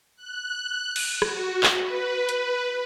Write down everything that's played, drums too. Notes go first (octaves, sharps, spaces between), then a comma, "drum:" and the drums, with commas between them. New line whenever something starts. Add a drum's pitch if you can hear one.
F#6
drum: cymbal
F#4, drum: rim click
drum: clap
B4
drum: hi-hat